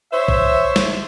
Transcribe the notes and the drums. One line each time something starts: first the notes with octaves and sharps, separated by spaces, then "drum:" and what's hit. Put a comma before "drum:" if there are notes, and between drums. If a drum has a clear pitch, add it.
C5 C#5 E5
drum: kick
drum: snare